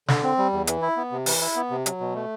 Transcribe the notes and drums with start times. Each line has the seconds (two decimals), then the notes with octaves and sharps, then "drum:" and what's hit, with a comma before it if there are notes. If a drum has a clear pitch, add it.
0.08 D3, drum: snare
0.23 C4
0.38 G3
0.52 E2
0.67 E3, drum: hi-hat
0.82 E4
0.97 B3
1.12 C3
1.26 E3, drum: open hi-hat
1.41 E4
1.56 B3
1.71 C3
1.86 F#3, drum: hi-hat
2.00 B2
2.15 A3